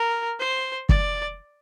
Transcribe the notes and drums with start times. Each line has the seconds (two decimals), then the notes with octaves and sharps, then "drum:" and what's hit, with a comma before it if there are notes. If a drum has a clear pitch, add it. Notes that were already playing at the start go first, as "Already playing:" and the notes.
Already playing: A#4
0.40 C5
0.89 D5, drum: kick